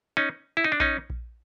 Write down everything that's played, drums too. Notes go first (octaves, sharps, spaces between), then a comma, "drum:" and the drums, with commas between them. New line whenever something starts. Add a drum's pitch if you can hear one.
C#4 D#4
E4
D#4
D4
C#4 D#4, drum: kick A#1
drum: kick A#1